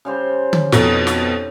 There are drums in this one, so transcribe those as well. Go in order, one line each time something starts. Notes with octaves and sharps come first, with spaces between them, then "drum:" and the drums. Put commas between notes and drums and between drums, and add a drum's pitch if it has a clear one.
C#3 G3 C5
drum: tom D3
F2 B2 D#4, drum: snare
drum: snare